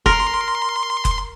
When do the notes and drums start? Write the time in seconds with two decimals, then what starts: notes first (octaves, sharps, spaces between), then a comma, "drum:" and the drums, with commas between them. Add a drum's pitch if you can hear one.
0.06 A#4 C6, drum: kick F#1
1.05 drum: kick F#1, hi-hat